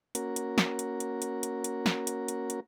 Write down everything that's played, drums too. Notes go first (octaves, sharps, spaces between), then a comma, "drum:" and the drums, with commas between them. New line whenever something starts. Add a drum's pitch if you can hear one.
A#3 C#4 F#4 A#4, drum: hi-hat
drum: hi-hat
drum: snare
drum: hi-hat
drum: hi-hat
drum: hi-hat
drum: hi-hat
drum: hi-hat
drum: snare
drum: hi-hat
drum: hi-hat
drum: hi-hat